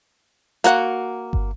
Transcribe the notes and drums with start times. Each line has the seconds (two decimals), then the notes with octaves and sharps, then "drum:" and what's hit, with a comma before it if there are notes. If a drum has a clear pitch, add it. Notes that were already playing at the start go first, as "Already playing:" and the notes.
0.64 A#3 F#4 F#5, drum: hi-hat
1.33 drum: kick G1